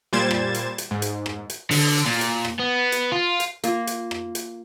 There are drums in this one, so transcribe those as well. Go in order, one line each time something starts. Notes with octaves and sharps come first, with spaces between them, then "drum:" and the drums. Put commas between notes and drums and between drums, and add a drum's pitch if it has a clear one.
A#2 G3 C5 G#6 A6 E7
drum: rim click
drum: hi-hat
drum: hi-hat
G#2
drum: hi-hat
drum: rim click
drum: hi-hat
D3, drum: open hi-hat
A#2
drum: hi-hat
drum: rim click
B3
drum: hi-hat
F4
drum: hi-hat
A#3 F4, drum: hi-hat
drum: hi-hat
drum: rim click
drum: hi-hat